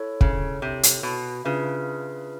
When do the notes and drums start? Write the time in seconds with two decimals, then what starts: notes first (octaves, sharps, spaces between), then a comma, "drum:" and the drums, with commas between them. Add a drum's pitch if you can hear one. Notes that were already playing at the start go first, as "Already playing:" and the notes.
Already playing: E4 A4 C#5
0.21 C#3, drum: kick
0.62 C3
0.83 drum: hi-hat
1.03 B2
1.45 C#3 D4 F4 G#4 B4 E5